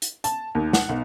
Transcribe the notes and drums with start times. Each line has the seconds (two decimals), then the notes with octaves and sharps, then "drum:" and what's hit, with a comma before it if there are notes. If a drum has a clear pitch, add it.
0.02 drum: hi-hat
0.24 A5, drum: hi-hat
0.55 D#2
0.73 F#5, drum: snare
0.89 B1